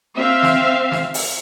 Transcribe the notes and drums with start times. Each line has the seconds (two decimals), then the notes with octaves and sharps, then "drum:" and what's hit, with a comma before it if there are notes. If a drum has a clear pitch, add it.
0.16 C4 E5 F5
0.43 drum: snare
0.91 drum: snare
1.14 drum: open hi-hat